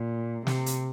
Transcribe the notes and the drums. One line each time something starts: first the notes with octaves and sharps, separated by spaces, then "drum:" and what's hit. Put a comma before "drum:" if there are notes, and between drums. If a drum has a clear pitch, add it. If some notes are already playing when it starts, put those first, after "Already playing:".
Already playing: A#2
C3, drum: snare
drum: hi-hat